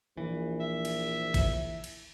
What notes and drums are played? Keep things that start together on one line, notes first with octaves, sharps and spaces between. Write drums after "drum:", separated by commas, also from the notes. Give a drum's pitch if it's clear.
A#1 E3
E5
drum: cymbal
drum: kick G#1, cymbal
drum: cymbal